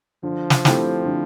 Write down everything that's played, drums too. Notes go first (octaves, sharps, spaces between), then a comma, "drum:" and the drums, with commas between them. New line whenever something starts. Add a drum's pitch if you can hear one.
D3 F3
drum: snare
A3 C4 E4 G4, drum: snare
D3